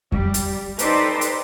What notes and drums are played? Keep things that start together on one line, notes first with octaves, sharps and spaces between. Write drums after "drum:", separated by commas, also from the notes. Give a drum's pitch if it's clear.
G3, drum: kick F2
drum: hi-hat
D#4 G4 A4 B4 C5 D5, drum: hi-hat
drum: hi-hat